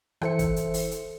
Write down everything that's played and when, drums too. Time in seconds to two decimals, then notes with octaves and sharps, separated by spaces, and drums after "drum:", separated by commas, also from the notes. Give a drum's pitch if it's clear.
0.21 E3 E4 A4 C5 E5 C#7, drum: rim click
0.39 drum: kick, hi-hat
0.56 drum: hi-hat
0.74 drum: open hi-hat
0.91 drum: hi-hat